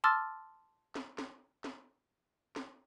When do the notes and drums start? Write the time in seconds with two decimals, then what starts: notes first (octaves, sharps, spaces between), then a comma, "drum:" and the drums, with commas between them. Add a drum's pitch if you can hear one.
0.04 A5 C6 D6 E6 F6 A6
0.96 drum: snare
1.18 drum: snare
1.64 drum: snare
2.56 drum: snare